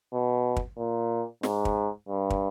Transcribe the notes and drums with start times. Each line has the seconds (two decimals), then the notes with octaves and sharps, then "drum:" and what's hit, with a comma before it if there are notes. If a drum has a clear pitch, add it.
0.13 B2
0.56 drum: kick
0.78 A#2
1.43 G#2, drum: snare
1.65 drum: kick
2.09 G2
2.30 drum: kick